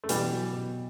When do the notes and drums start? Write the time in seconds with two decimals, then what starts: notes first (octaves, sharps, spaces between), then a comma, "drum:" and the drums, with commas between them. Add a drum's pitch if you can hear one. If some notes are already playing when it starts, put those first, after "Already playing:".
0.04 A3
0.09 B2 E3 G3, drum: hi-hat
0.31 F#3
0.53 B2